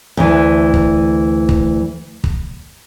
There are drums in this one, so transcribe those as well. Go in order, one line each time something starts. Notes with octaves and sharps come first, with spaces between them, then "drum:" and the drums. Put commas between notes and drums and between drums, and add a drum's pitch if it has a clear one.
D2 E3
drum: kick
drum: kick
drum: kick